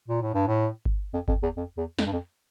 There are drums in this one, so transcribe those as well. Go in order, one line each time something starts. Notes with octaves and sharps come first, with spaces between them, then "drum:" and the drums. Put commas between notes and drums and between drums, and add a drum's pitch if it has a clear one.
A#2
A2
G2
A2
drum: kick G1
F2
F2, drum: kick G1
E2
F2
E2
F2, drum: snare
G2
F2